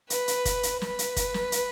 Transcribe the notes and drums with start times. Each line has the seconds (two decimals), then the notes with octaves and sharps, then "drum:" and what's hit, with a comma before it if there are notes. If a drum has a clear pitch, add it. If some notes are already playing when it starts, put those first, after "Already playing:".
0.10 B4, drum: hi-hat
0.28 drum: hi-hat
0.45 drum: kick, hi-hat
0.63 drum: hi-hat
0.82 B4, drum: snare
0.99 drum: hi-hat
1.16 drum: kick, hi-hat
1.34 drum: snare
1.52 drum: hi-hat